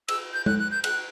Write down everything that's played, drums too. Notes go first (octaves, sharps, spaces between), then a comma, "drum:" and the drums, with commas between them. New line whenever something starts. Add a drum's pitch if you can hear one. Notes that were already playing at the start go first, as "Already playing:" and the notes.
E6, drum: cymbal
G6
F#6, drum: tom G#3
F#6
G6
F#6, drum: cymbal